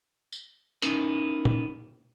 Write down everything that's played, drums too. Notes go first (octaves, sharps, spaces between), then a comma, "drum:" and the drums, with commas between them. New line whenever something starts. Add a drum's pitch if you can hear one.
drum: tambourine
B3 C#4 D#4 E4 A#4, drum: hi-hat
drum: tom